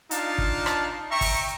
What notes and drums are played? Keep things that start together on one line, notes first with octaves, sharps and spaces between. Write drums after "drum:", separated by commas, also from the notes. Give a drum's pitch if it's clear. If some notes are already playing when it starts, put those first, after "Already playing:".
D4 D#4 F4 F5 A5, drum: hi-hat
drum: kick
drum: rim click
E5 G5 A#5 C#6
drum: kick, open hi-hat